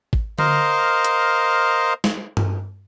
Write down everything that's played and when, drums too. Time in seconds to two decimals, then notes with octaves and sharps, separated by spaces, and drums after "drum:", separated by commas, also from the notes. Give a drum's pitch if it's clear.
0.13 drum: kick G#1
0.39 A#4 C5 D#5 F5, drum: tom D3
1.05 drum: hi-hat
2.04 drum: snare
2.37 drum: tom G2